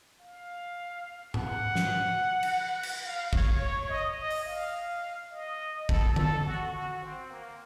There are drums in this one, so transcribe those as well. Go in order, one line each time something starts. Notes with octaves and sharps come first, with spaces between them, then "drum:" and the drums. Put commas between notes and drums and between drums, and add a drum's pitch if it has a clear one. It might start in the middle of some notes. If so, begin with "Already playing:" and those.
F5
F#5, drum: tom G#2
drum: snare
drum: cymbal
drum: cymbal
F5
C#5, drum: kick
C#5
D#5
D#5
drum: open hi-hat
F5
D#5
A4, drum: kick
A4, drum: tom
F#4
F#4
C4
A#3